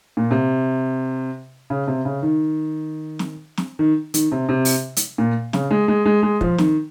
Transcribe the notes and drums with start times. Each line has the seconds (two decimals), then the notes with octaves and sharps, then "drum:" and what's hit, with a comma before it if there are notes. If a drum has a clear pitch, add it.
0.17 A#2
0.31 C3
1.70 C#3
1.87 C3
2.05 C#3
2.23 D#3
3.19 drum: snare
3.57 drum: snare
3.79 D#3
4.14 D#3, drum: hi-hat
4.32 C3
4.49 C3
4.65 drum: open hi-hat
4.97 drum: hi-hat
5.18 A#2
5.53 C#3, drum: snare
5.71 G#3
5.88 G#3
6.06 G#3
6.23 G#3
6.41 F3, drum: kick
6.58 D#3, drum: snare